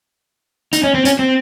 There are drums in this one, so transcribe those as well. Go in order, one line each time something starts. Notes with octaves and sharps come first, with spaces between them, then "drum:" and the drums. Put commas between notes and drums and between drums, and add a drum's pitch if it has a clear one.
D#4, drum: hi-hat
C#4
C4
C#4, drum: hi-hat
C4